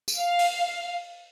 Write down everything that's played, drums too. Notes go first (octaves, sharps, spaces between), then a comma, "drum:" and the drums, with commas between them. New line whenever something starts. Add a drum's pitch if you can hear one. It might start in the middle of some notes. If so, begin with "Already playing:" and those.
drum: tambourine
F5
drum: open hi-hat